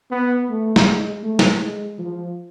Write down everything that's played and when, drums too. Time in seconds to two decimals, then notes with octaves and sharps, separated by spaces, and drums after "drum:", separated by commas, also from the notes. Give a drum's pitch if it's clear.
0.11 B3
0.49 A3
0.76 drum: snare
0.86 G#3
1.23 A3
1.39 drum: snare
1.61 G#3
1.98 F3